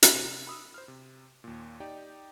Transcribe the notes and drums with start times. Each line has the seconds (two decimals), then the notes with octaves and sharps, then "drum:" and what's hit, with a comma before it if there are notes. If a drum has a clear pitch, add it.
0.03 drum: hi-hat
0.14 C3
0.47 B5 D#6 E6
0.74 C5 F6
0.88 C3
1.44 D#2 A#2
1.80 D#4 G4 D5 G5